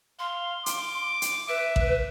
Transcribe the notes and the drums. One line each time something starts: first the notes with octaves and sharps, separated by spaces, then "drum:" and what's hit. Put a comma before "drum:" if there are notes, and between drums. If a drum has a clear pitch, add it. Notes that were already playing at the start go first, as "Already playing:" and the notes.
F5 C6
D6, drum: hi-hat
drum: hi-hat
B4 E5
drum: kick A1